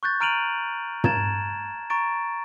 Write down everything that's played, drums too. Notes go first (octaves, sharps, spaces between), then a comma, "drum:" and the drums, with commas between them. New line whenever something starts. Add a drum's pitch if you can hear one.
C#6 F#6 G6 A6
A#5 F6 D7 D#7 F7 F#7
A5 A#5 G#6 A6 E7, drum: tom
A#5 C#6 A6 D7